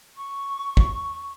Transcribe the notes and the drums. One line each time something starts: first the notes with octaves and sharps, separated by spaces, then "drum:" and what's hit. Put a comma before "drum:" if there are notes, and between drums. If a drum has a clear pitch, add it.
C#6
drum: kick